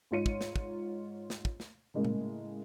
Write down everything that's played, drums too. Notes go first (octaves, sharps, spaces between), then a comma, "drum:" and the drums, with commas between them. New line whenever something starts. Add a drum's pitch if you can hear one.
G#2 D#4 F4 C#5 C#7 D#7
drum: kick
drum: snare
drum: kick
drum: snare
drum: kick
drum: snare
A2 C#3 G#3 A#3
drum: tom A#2